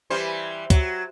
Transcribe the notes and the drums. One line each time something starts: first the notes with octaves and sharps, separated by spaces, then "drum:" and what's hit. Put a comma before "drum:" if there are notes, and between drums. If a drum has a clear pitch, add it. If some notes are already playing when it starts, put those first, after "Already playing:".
E3 G3 C5
F#3, drum: kick, hi-hat